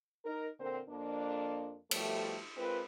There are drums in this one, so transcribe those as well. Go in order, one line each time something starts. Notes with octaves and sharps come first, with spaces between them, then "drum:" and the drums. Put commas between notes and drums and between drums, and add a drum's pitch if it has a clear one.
D#4 A#4
A#2 D3 C4 A#4 C5
F2 A#3 D4
B2 F3 G3 A3, drum: cymbal
G#3 C4 F4 A#4 B4